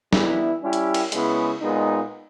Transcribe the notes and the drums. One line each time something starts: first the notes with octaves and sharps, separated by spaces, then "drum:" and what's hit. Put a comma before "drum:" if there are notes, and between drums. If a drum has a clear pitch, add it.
E3 G3 B3 E4, drum: snare
G3 C#4 E4 G4
drum: hi-hat
drum: cymbal
C#3 G#3 B3 E4, drum: hi-hat
A#2 G#3 B3 D#4